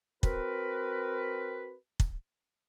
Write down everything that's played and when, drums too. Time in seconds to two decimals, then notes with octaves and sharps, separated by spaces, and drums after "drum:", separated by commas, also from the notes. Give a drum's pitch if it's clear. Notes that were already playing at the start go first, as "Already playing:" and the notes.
0.23 C4 F#4 A#4 B4, drum: kick
2.00 drum: kick